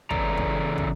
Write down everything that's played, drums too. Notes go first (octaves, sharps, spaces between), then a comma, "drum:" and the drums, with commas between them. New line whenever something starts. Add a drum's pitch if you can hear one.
C#3 E3 A4 D5 A#5, drum: kick
drum: kick
drum: kick